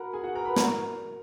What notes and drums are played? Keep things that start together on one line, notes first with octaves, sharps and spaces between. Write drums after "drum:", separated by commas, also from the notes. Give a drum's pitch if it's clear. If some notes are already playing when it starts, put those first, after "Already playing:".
Already playing: F#4 A#4 F#5 A#5 B5
G#4 G#5
F#4 F#5
A#4 A#5
B4 B5
A#4 A#5, drum: snare